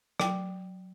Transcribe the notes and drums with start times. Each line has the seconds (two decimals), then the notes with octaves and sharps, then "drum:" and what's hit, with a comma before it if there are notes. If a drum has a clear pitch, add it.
0.20 F#3 G5, drum: rim click